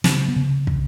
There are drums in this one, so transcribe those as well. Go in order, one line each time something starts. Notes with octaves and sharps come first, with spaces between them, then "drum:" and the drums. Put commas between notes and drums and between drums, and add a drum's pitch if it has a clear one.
C#3 F#3, drum: snare
B3
C#3
drum: kick